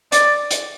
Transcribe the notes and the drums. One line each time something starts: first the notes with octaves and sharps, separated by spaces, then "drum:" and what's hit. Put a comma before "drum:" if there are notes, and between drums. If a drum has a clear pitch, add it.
D5, drum: hi-hat
drum: hi-hat